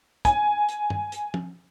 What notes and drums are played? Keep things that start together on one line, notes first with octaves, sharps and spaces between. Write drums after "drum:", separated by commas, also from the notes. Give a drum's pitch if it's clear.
G#5, drum: kick, hi-hat
drum: hi-hat
drum: tom G2
drum: hi-hat
drum: tom